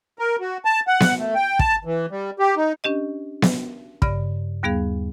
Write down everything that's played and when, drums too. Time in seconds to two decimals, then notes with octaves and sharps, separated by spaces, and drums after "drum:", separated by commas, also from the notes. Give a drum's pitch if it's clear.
0.19 A#4
0.40 F#4
0.65 A5
0.87 F#5
1.00 drum: snare B3
1.19 A3
1.35 G5
1.59 A5, drum: kick
1.85 E3
2.11 G3
2.39 G4
2.57 D#4
2.84 C#4 D4 G4 D#5
3.42 drum: snare B3
4.02 G2 C#3 D5, drum: kick
4.63 D#2 G3 B3 G#4 F5